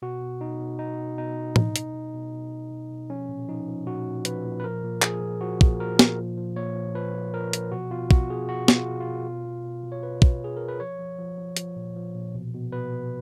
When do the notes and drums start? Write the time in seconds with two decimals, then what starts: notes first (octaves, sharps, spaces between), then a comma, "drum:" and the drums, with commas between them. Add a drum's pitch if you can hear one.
0.02 B2 F#4
0.22 B2
0.41 B2 D#4
0.60 B2
0.79 B2 D#4
0.99 B2
1.18 B2 D#4
1.37 B2
1.56 B2, drum: tom A2
1.76 B2, drum: hi-hat
1.94 B2
2.14 B2
2.33 B2
2.52 B2
2.71 B2
2.91 B2
3.10 F3 C#4
3.29 A#2
3.48 F3 D#4
3.68 F3
3.87 A#2 F#4
4.07 A#2
4.25 F3 B4, drum: hi-hat
4.45 A#2
4.60 B4
4.64 F3 A#4
4.84 A#2
5.02 F3 G#4, drum: clap
5.21 A#2
5.41 F3 F#4
5.61 A#2, drum: kick
5.80 F3 A#4
5.99 A#2, drum: snare
6.18 F3
6.37 F3
6.56 A#2 C#5
6.75 F3
6.94 F3 B4
7.14 F3
7.34 F3 A#4
7.53 F3, drum: hi-hat
7.72 B2 F#4
7.91 B2 F4
8.11 B2 F#4, drum: kick
8.30 B2 G#4
8.49 B2 F#4
8.68 B2, drum: snare
8.75 F4
8.88 B2
9.00 F4
9.07 B2
9.26 B2
9.46 B2
9.64 B2
9.84 B2
9.92 C#5
10.03 B2 B4
10.22 B2, drum: kick
10.41 B2 G#4
10.57 B2 A#4
10.69 B4
10.80 F3 C#5
10.99 F3
11.19 F3
11.38 F3
11.57 F3, drum: hi-hat
11.76 A#2
11.96 F3
12.15 A#2
12.34 B2
12.54 B2
12.72 B2 B4
12.92 B2